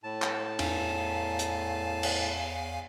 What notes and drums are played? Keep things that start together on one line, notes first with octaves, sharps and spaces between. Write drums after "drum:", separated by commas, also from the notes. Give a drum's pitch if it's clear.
A2 A5
drum: clap
E2 F5 G#5, drum: cymbal
drum: hi-hat
drum: cymbal